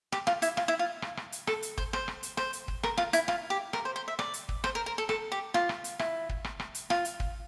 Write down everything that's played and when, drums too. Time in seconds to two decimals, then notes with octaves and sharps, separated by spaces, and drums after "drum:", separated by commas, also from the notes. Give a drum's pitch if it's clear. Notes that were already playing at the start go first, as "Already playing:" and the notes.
0.12 G4, drum: rim click
0.27 F4, drum: rim click
0.42 E4, drum: hi-hat
0.57 F4, drum: rim click
0.68 E4
0.79 F4
1.02 drum: rim click
1.17 drum: rim click
1.32 drum: hi-hat
1.47 A4, drum: rim click
1.63 drum: hi-hat
1.78 C5, drum: kick
1.93 C5, drum: rim click
2.08 drum: rim click
2.23 drum: hi-hat
2.37 C5, drum: rim click
2.53 drum: hi-hat
2.68 drum: kick
2.83 A#4, drum: rim click
2.97 F4, drum: rim click
3.13 E4, drum: hi-hat
3.28 F4, drum: rim click
3.50 G4
3.73 A#4, drum: rim click
3.85 C5
3.96 C5
4.08 E5
4.19 D5, drum: rim click
4.34 drum: hi-hat
4.49 drum: kick
4.64 C5, drum: rim click
4.75 A#4
4.86 A#4
4.98 A4
5.09 A4, drum: rim click
5.32 G4
5.54 F4, drum: rim click
5.69 drum: rim click
5.84 drum: hi-hat
5.99 E4, drum: rim click
6.29 drum: kick
6.44 drum: rim click
6.60 drum: rim click
6.75 drum: hi-hat
6.90 F4, drum: rim click
7.05 drum: hi-hat
7.20 drum: kick